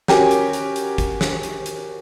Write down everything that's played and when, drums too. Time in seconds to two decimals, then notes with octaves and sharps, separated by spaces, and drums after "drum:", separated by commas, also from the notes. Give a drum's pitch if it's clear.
0.08 C#4 F#4 G4 A#4 G5 G#5, drum: snare
0.31 drum: hi-hat
0.53 drum: hi-hat
0.76 drum: hi-hat
0.98 drum: kick, hi-hat
1.21 drum: snare
1.43 drum: hi-hat
1.66 drum: hi-hat